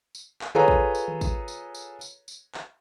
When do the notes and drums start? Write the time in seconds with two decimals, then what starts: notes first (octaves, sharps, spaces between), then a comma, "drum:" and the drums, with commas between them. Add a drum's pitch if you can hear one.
0.15 drum: tambourine
0.41 drum: clap
0.55 F4 G#4 A4 B4 C#5 A#5, drum: tom D3
0.68 drum: kick
0.95 drum: tambourine
1.08 drum: tom D#3
1.21 drum: kick, tambourine
1.48 drum: tambourine
1.75 drum: tambourine
2.01 drum: tambourine
2.28 drum: tambourine
2.54 drum: clap